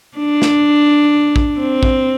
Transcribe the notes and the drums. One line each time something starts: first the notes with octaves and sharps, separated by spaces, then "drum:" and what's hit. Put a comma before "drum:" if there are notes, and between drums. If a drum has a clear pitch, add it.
D4
drum: snare
drum: kick
C4
drum: kick